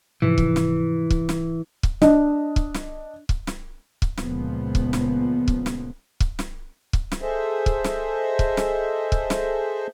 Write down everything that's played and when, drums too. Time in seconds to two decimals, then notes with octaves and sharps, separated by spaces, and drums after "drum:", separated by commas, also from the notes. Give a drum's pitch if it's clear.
0.22 G#2 C3 E3 F3
0.38 drum: kick
0.56 drum: snare
1.10 drum: kick
1.29 drum: snare
1.83 drum: kick
2.02 D4 D#5, drum: snare
2.56 drum: kick
2.74 drum: snare
3.29 drum: kick
3.47 drum: snare
4.02 drum: kick
4.17 C#2 A#2 F3 B3, drum: snare
4.75 drum: kick
4.93 drum: snare
5.48 drum: kick
5.66 drum: snare
6.20 drum: kick
6.39 drum: snare
6.93 drum: kick
7.12 drum: snare
7.22 G#4 A4 C5 D#5 E5
7.66 drum: kick
7.84 drum: snare
8.39 drum: kick
8.57 drum: snare
9.12 drum: kick
9.30 drum: snare